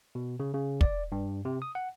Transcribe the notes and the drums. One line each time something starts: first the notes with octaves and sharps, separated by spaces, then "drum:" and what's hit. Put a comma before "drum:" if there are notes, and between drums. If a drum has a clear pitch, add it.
B2
C#3
C#3
D5, drum: kick
G2
C3
D#6
F#5